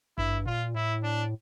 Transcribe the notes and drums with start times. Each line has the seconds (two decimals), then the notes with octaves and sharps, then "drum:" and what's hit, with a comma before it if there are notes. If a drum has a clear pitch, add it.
0.18 G2 E4, drum: kick G#1
0.46 A#2 F4
0.75 A2 E4
1.03 D4